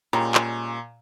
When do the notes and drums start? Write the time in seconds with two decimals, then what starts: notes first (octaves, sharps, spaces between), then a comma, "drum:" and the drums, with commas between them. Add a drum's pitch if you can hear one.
0.13 A#2 G3 G#3 C#4 A#5
0.35 drum: clap